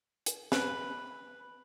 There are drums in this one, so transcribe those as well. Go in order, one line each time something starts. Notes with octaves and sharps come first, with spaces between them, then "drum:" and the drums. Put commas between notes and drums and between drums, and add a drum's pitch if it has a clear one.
drum: hi-hat
B4, drum: snare